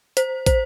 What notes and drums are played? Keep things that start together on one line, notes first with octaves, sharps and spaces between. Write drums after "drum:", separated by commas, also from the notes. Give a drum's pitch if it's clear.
C5, drum: hi-hat
C5, drum: kick, hi-hat